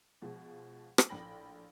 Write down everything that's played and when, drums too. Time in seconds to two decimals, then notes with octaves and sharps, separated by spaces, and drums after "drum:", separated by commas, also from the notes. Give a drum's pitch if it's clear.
0.22 B2 F3 G#3
0.98 drum: rim click
1.09 A#1 A2 G5 B5 A#6 F#7